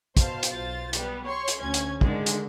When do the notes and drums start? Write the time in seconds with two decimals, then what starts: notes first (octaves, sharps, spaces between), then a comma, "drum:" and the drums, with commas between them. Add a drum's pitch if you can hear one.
0.17 B2 C5 F5 A5, drum: kick, hi-hat
0.43 drum: hi-hat
0.52 B1 F4 C5 A6
0.93 G3 B3, drum: hi-hat
1.26 C#5 C6 C#6
1.48 drum: hi-hat
1.59 D2 C#4 G#6
1.74 drum: hi-hat
2.01 D3 D#3 G#3, drum: kick
2.26 drum: hi-hat